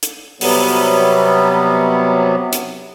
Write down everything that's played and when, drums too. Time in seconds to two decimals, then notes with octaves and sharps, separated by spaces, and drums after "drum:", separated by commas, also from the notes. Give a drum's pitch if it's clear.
0.03 drum: hi-hat
0.41 C3 F#3 G3 B3, drum: open hi-hat
2.53 drum: hi-hat